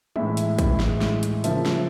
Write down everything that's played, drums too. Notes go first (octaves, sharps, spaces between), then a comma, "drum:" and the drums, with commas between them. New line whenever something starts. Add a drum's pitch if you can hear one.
A2 E3 G#3 E5, drum: tom
drum: hi-hat
drum: kick, hi-hat
A2 E3 G#3, drum: snare
drum: snare
drum: hi-hat
C#3 F3 A#3 E5, drum: hi-hat
drum: snare